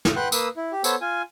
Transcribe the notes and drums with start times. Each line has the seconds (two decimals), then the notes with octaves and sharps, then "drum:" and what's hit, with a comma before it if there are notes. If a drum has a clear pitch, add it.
0.05 drum: snare
0.16 B4 F#5 G5 C6 F#6
0.32 A#3 B4 D#6 E6, drum: tambourine
0.57 E4
0.72 G4
0.84 B3 A4 C5 C#5, drum: tambourine
1.01 F4 G#5